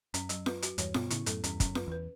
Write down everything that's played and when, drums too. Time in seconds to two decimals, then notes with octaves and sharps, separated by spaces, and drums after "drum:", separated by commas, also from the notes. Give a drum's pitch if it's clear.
0.14 F#2 C#4, drum: hi-hat
0.29 F#3, drum: hi-hat
0.46 B4, drum: snare F4
0.62 F#4, drum: hi-hat
0.78 E2 G2 C#5, drum: hi-hat
0.94 G2 B2 B3, drum: snare F4
1.10 A2 C#3 E4, drum: hi-hat
1.26 F#2 A2 A4, drum: hi-hat
1.44 E2 G2 C#4, drum: hi-hat
1.60 C#4, drum: kick, hi-hat
1.65 F#2
1.75 B4, drum: snare F4
1.87 E2 B4